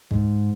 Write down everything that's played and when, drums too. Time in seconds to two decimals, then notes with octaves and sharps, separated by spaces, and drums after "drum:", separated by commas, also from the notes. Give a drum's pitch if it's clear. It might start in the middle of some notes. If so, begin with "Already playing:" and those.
0.11 G#2, drum: kick C2